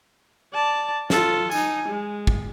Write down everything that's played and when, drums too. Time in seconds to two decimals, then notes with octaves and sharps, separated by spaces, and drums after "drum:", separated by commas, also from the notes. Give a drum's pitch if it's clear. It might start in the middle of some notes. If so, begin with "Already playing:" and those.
0.54 D5 A5
1.10 F4 A4, drum: snare
1.52 D#4 G#5, drum: tambourine
1.88 G#3
2.27 drum: kick